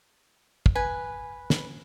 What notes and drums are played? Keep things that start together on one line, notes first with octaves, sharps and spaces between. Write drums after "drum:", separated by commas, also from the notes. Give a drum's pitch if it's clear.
drum: kick
B4 G#5
drum: snare